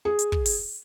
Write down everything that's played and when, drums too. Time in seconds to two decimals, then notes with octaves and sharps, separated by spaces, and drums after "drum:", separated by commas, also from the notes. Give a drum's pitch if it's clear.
0.05 G#4
0.19 drum: hi-hat
0.32 drum: kick
0.46 drum: open hi-hat